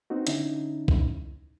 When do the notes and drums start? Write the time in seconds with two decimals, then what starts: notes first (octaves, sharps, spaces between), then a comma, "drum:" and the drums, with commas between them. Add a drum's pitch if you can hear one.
0.10 B3 C4 D#4 F#4
0.27 D3 C#4 D#4 E4, drum: hi-hat
0.88 drum: kick